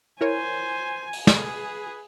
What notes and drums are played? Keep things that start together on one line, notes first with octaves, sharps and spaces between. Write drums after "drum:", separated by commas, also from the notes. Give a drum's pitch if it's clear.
E4 A#4 C5 C#5 G#5
drum: open hi-hat
G#4 B4, drum: snare